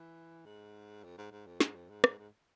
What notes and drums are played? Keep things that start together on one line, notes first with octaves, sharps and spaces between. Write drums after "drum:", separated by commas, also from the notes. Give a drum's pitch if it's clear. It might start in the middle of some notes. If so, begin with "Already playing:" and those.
Already playing: E3
G#2
F2
G#2
G#2
F2
G#2, drum: snare
F2
G#2
G#2, drum: rim click
G#2